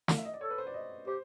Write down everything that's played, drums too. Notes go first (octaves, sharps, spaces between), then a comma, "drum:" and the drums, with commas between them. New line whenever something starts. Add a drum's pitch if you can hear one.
F5, drum: snare
E5
D#5
D5
A4 C#5
B4
C5
D5
D#5
G4 C5